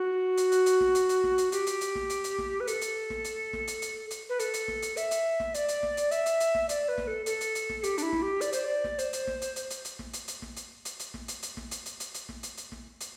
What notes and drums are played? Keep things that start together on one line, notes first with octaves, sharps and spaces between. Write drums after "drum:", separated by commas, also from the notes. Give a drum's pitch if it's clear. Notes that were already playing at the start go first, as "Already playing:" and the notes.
Already playing: F#4
drum: hi-hat
drum: hi-hat
drum: hi-hat
drum: snare
drum: hi-hat
drum: hi-hat
drum: snare
drum: hi-hat
G4, drum: hi-hat
drum: hi-hat
drum: hi-hat
drum: snare
drum: hi-hat
drum: hi-hat
drum: snare
B4
A4, drum: hi-hat
drum: hi-hat
drum: snare
drum: hi-hat
drum: snare
drum: hi-hat
drum: hi-hat
drum: hi-hat
B4
A4, drum: hi-hat
drum: hi-hat
drum: snare
drum: hi-hat
E5, drum: hi-hat
drum: hi-hat
drum: snare
D5, drum: hi-hat
drum: hi-hat
drum: snare
drum: hi-hat
E5, drum: hi-hat
drum: hi-hat
drum: hi-hat
drum: snare
D5, drum: hi-hat
B4
drum: snare
A4
A4, drum: hi-hat
drum: hi-hat
drum: hi-hat
drum: snare
G4, drum: hi-hat
D4, drum: hi-hat
E4
drum: snare
G4
D5, drum: hi-hat
C5, drum: hi-hat
D5
drum: snare
C5, drum: hi-hat
drum: hi-hat
drum: snare
drum: hi-hat
drum: hi-hat
drum: hi-hat
drum: hi-hat
drum: snare
drum: hi-hat
drum: hi-hat
drum: snare
drum: hi-hat
drum: hi-hat
drum: hi-hat
drum: snare
drum: hi-hat
drum: hi-hat
drum: snare
drum: hi-hat
drum: hi-hat
drum: hi-hat
drum: hi-hat
drum: snare
drum: hi-hat
drum: hi-hat
drum: snare
drum: hi-hat